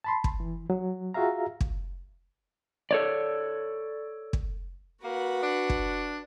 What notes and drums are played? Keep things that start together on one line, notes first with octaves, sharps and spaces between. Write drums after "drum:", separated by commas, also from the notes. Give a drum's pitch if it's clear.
A5 B5 C6
drum: kick
E3
F#3
F4 F#4 G#4 E5 F5 A#5
drum: kick
A4 C#5 D5
drum: kick
A#3 F#4 B4 F#5
D4
drum: kick